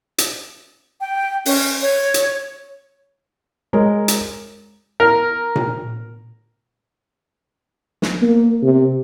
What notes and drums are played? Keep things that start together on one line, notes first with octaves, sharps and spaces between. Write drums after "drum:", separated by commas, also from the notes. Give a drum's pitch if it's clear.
drum: hi-hat
G5
C#4, drum: open hi-hat
C#5
drum: hi-hat
G#3 A#4 C#5
drum: hi-hat
A#4
drum: tom A#2
drum: snare
A#3
C3